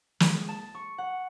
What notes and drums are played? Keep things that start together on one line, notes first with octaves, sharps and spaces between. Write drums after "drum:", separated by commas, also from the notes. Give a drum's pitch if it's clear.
G#3, drum: snare
A5
C#6
F#5